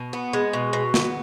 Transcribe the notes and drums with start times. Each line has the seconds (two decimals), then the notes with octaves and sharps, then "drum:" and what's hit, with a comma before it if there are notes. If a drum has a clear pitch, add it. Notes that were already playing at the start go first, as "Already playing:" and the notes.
Already playing: B2
0.13 B3
0.33 G#3
0.53 B2
0.73 B2
0.94 B3, drum: snare